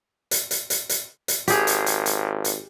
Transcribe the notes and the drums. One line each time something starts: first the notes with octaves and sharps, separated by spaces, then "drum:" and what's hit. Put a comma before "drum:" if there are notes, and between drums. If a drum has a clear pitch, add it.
drum: hi-hat
drum: hi-hat
drum: hi-hat
drum: hi-hat
drum: hi-hat
G#1 G4 G#4, drum: hi-hat
drum: hi-hat
drum: hi-hat
drum: hi-hat
drum: hi-hat